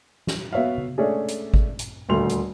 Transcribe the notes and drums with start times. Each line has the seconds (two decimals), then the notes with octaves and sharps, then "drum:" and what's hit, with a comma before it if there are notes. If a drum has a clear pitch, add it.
0.27 drum: snare
0.53 B3 F#4 C#5 E5 F5
0.78 drum: tom C#3
0.98 G#3 A3 C#4 D4 G#4
1.28 drum: hi-hat
1.54 drum: kick G#1
1.79 drum: hi-hat
2.09 D#1 D2 A3 C6 F7
2.29 drum: hi-hat